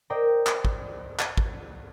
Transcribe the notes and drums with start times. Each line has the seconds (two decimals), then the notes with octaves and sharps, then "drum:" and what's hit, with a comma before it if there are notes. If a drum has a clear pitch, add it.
0.10 A#4 C5 D5 D#5 G5
0.46 drum: clap
0.65 drum: kick
1.19 drum: clap
1.38 drum: kick